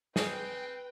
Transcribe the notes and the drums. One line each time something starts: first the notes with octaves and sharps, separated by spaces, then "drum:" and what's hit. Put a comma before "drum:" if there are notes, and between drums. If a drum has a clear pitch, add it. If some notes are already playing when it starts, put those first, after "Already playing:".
C4 G#4 B4 G5, drum: snare